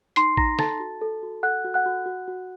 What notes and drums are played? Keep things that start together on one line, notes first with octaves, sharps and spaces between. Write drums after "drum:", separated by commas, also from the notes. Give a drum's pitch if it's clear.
D#4 C6 C7, drum: hi-hat
D#4 A#5 A#6, drum: kick A1
A4 A5 A6, drum: snare
F#4
A4
F#4
A4 F#5 F#6
F#4
F#5 F#6
F#4
F#4
F#4